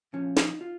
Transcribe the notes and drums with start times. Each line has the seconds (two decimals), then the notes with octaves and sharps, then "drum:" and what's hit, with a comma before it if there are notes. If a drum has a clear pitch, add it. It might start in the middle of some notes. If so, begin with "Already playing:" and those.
0.13 A#2 F3 C#4
0.37 D#4, drum: snare
0.61 F4